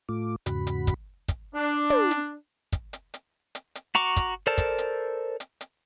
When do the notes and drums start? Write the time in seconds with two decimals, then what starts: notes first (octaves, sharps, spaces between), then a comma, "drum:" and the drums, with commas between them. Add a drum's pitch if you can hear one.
0.09 A2 A3 F4 D6
0.46 E2 G#2 C#3 F#4 B5, drum: hi-hat
0.67 drum: hi-hat
0.87 drum: kick, hi-hat
1.28 drum: kick, hi-hat
1.55 D4
1.90 drum: tom
2.11 drum: hi-hat
2.72 drum: kick, hi-hat
2.93 drum: hi-hat
3.14 drum: hi-hat
3.55 drum: hi-hat
3.75 drum: hi-hat
3.95 F#4 A#5 C#6 D6, drum: hi-hat
4.17 drum: kick, hi-hat
4.47 A4 A#4 C5 D5 A5
4.58 drum: kick, hi-hat
4.78 drum: hi-hat
5.40 drum: hi-hat
5.61 drum: hi-hat